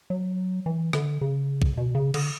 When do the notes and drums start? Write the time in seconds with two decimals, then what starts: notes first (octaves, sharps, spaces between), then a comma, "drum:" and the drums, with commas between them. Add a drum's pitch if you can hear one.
0.10 F#3
0.66 E3
0.93 D3, drum: rim click
1.21 C#3
1.62 drum: kick
1.77 B2
1.95 C#3
2.14 D3, drum: cymbal